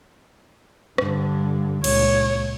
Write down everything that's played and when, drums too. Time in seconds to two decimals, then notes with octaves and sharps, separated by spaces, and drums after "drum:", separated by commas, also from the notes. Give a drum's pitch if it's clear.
0.98 G2 D3, drum: rim click
1.84 C#2 A#2 C#5, drum: cymbal